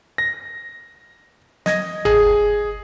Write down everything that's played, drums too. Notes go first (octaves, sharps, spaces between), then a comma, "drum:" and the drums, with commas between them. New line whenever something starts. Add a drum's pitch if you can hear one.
A#6
D#5 G#6 A#6, drum: snare
G#4, drum: tom G1